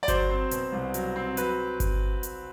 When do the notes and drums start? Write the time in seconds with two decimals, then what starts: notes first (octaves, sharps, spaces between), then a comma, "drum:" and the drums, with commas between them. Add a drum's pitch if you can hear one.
0.03 D5
0.08 F#3 C5, drum: kick G1, hi-hat
0.29 C4
0.51 B2, drum: hi-hat
0.72 C2
0.94 F#3, drum: hi-hat
1.16 C4
1.37 F#3 B4, drum: hi-hat
1.80 drum: kick G1, hi-hat
2.23 drum: hi-hat